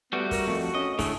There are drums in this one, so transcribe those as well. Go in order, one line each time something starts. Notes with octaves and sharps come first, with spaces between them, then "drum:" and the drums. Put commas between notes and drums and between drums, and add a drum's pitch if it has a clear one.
G3 A3 B3 F#4
A#4, drum: kick, open hi-hat
F2 A3
C#4 D#5
A2 D3 A3 G#4, drum: kick, open hi-hat